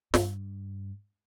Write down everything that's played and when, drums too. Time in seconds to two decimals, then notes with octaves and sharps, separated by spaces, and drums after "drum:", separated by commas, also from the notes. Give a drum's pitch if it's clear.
0.14 G2, drum: snare